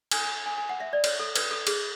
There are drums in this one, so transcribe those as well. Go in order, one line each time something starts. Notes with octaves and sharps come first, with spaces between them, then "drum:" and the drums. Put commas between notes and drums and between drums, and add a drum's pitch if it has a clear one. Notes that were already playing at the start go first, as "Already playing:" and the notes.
G#5, drum: cymbal
G#5
G#5
G#5
F#5
E5
D5
C#5, drum: cymbal
A4
B4, drum: cymbal
A4
G#4, drum: cymbal